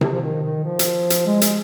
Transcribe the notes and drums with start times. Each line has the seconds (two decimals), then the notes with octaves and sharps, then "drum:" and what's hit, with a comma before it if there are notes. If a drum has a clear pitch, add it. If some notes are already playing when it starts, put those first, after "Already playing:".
0.01 C3, drum: tom C3
0.13 F3
0.22 D#3
0.43 D#3
0.64 F3
0.79 drum: hi-hat
1.10 drum: hi-hat
1.26 G#3
1.41 G#3, drum: hi-hat